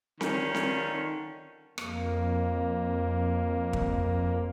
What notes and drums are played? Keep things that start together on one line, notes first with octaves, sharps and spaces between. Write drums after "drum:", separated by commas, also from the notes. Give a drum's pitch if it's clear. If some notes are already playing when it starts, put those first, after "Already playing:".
D3 D#3 C#4 F4, drum: snare C4
drum: snare C4
F2 A#3, drum: rim click
drum: kick